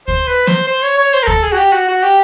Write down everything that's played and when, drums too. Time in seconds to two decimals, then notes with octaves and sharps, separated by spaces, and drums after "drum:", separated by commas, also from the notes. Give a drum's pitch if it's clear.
0.08 C5, drum: kick D2
0.28 B4
0.47 C5, drum: snare
0.67 C5
0.83 C#5
0.98 C#5
1.13 C5
1.23 A#4
1.27 A4, drum: kick D2
1.43 G#4
1.53 F#4
1.58 G4
1.72 F#4
1.88 F#4
2.03 G4